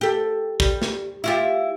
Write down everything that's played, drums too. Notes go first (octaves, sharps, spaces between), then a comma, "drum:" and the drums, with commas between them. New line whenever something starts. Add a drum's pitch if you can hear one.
G4 A4
G3, drum: kick
drum: snare
E4 F4 G4